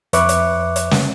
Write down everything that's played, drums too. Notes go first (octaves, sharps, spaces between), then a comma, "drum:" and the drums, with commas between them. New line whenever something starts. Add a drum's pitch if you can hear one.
F2 B4 E5 C#6 D6 F#6, drum: hi-hat
drum: hi-hat
drum: hi-hat
drum: snare